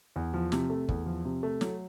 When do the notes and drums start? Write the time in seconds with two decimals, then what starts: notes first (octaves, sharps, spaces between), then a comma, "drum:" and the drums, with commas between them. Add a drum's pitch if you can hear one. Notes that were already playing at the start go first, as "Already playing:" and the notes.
0.16 E2
0.34 F3
0.52 C3, drum: snare
0.70 A3
0.89 E2, drum: kick
1.06 F3
1.25 C3
1.43 A3
1.61 F#3, drum: snare